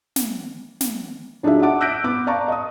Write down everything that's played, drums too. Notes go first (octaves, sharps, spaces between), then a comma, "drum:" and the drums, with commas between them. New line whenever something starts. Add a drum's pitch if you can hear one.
drum: snare
drum: snare
F#3 D4 D#4 F4 G#4 E5
E5 F#5 A5 D6
E6 F#6 G6 A#6 B6 D7
B3 D6
D5 F5 A5 A#5 C#6
D#5 D#6